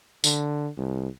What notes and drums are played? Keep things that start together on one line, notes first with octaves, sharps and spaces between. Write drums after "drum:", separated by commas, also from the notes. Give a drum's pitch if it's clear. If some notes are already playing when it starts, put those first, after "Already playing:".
D3, drum: tambourine
C2